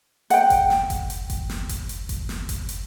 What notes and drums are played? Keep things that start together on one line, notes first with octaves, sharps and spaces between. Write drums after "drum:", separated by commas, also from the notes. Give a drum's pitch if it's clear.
F#5 G5, drum: hi-hat
drum: kick F#1, hi-hat
drum: snare
drum: kick F#1, hi-hat
drum: hi-hat
drum: kick F#1, hi-hat
drum: snare
drum: kick F#1, hi-hat
drum: hi-hat
drum: kick F#1, hi-hat
drum: snare
drum: kick F#1, hi-hat
drum: hi-hat